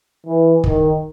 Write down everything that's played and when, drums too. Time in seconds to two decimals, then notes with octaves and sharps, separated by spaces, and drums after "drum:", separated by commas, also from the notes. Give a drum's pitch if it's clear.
0.26 E3
0.64 D#3, drum: kick